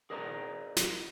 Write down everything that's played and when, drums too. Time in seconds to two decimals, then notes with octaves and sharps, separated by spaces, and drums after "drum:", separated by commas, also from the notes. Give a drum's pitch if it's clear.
0.10 G#4 A#4 D5 D#5 A5 A#5
0.77 drum: snare